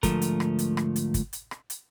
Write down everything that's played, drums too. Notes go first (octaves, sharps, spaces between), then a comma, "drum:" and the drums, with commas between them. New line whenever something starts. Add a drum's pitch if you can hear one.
D2 G#2 F3 A3 A#4, drum: kick, hi-hat
drum: hi-hat
drum: rim click
drum: hi-hat
drum: rim click
drum: hi-hat
drum: kick, hi-hat
drum: hi-hat
drum: rim click
drum: hi-hat